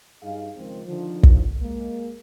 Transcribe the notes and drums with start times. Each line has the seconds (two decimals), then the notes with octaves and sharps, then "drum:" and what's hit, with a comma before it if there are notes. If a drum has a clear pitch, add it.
0.23 G2 D#4 G#4 F5
0.57 C#2 D#3 F3 C4
0.86 D3 D#3 F3
1.23 drum: kick
1.62 G#3 A#3